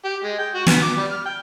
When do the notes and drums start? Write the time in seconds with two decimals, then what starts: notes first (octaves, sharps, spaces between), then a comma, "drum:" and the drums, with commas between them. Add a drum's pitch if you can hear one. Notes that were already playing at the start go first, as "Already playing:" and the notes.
0.05 G4
0.24 G#3
0.39 G5
0.54 F#4
0.67 B3, drum: snare
0.82 D6
0.97 G3
1.11 F6
1.26 G5